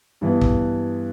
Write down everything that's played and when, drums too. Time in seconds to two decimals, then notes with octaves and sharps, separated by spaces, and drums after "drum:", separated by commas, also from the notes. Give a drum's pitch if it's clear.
0.21 G2 E3 B3
0.41 drum: kick